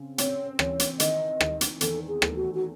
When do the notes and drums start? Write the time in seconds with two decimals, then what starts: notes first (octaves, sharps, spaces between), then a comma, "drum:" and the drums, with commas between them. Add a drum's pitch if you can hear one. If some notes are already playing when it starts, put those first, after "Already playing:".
Already playing: C#3 C4
0.18 C4 C#5, drum: hi-hat
0.59 E3 C#5, drum: rim click
0.80 drum: hi-hat
1.00 D#3 D#5, drum: hi-hat
1.41 D#3, drum: rim click
1.61 drum: hi-hat
1.81 E2 A4, drum: hi-hat
2.08 G#4
2.22 A3, drum: rim click
2.36 F#4
2.54 F#4